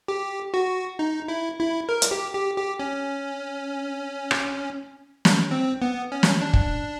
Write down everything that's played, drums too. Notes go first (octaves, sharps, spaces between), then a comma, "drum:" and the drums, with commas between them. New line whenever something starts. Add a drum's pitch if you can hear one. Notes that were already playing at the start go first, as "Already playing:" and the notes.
G4
F#4
D#4
E4
E4
A#4
drum: hi-hat
G4
G4
G4
C#4
drum: rim click
drum: snare
C4
B3
C#4
drum: snare
D4
drum: kick